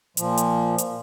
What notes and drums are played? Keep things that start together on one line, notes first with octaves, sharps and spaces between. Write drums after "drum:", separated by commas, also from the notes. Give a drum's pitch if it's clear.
A#2 F3, drum: hi-hat
drum: hi-hat
drum: hi-hat